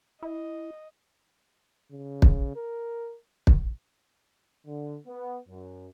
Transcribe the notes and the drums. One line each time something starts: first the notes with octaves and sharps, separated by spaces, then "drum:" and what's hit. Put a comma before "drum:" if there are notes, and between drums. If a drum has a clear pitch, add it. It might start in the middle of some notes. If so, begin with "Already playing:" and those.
E4 D#5
C#3
drum: kick
A#4
drum: kick
D3
B3
F#2